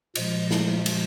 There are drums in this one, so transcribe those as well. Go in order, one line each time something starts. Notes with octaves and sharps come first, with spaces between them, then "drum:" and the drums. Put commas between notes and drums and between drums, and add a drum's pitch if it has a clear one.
A#2 F3 G#3 D#5, drum: cymbal
drum: snare
drum: cymbal